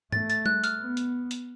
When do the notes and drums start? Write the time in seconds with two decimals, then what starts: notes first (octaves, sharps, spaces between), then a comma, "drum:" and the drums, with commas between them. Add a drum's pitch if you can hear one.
0.12 A3 A6, drum: tom
0.30 A6, drum: hi-hat
0.46 F#6, drum: tom G3
0.64 F6, drum: hi-hat
0.80 B3
0.97 drum: hi-hat
1.31 drum: hi-hat